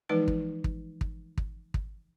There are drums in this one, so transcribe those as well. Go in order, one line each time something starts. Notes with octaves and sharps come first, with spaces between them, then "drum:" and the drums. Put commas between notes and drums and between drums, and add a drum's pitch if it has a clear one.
E3 F3 G#3 D#4 B4 A5
drum: kick
drum: kick
drum: kick
drum: kick
drum: kick